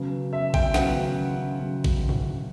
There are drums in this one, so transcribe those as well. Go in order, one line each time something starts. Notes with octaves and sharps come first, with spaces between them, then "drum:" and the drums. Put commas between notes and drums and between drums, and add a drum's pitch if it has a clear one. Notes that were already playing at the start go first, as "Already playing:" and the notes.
Already playing: C#3 F#3 B3
E5
G5, drum: kick A1
C#3 F#3 B3 F#5, drum: snare
C#3 F#3 B3
drum: kick A1
drum: tom G2